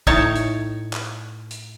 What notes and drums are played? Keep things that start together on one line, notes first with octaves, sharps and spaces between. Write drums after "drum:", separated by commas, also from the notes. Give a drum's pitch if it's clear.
A2 D#4 C#5 A5, drum: kick
drum: hi-hat
drum: clap
drum: hi-hat